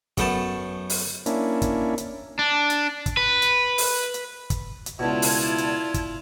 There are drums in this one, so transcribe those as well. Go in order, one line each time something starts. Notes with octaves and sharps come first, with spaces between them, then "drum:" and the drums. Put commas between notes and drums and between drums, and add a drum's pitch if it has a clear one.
F#2 A3 B3 G5 A5, drum: kick, hi-hat
drum: open hi-hat
A#3 C#4 D4 E4, drum: hi-hat
drum: kick, hi-hat
drum: hi-hat
D4
drum: hi-hat
drum: kick, hi-hat
B4
drum: hi-hat
drum: open hi-hat
drum: hi-hat
drum: kick, hi-hat
drum: hi-hat
C#2 B2 E4 F4 D5 A5 G#6
drum: open hi-hat
drum: hi-hat
drum: kick, hi-hat